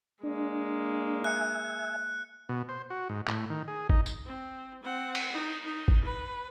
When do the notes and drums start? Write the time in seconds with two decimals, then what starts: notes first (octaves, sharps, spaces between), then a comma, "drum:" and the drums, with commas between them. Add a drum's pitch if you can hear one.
0.23 G#3 A#3 D4
1.24 E5 G#5 F#6 C#7
2.49 B2
2.69 C5
2.90 F#4
3.09 G#2
3.27 A2, drum: clap
3.50 D#3
3.68 G#4
3.89 D#4, drum: kick G1
4.06 drum: tambourine
4.26 C4
4.83 C4 F#5
5.15 drum: cymbal
5.32 D#4
5.65 D#4
5.88 drum: kick G1
6.05 B4